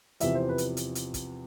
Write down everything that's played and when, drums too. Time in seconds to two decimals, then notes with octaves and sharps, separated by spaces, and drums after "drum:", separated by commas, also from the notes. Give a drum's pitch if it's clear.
0.20 E2 C3 F3 E5, drum: hi-hat
0.35 C5
0.49 B4
0.58 drum: hi-hat
0.77 drum: hi-hat
0.95 drum: hi-hat
1.14 drum: kick, hi-hat